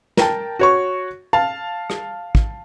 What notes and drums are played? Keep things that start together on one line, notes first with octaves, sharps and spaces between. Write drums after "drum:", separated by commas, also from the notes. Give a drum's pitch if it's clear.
A#4 G5 A5, drum: snare
F#4 C#5 C#6
F5 A5
drum: rim click
drum: kick